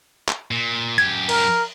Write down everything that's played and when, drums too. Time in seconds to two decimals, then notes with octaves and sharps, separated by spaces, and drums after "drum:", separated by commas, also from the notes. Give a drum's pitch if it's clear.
0.28 drum: clap
0.51 A#2
0.98 F#2 G4 G#6
1.29 A#4, drum: cymbal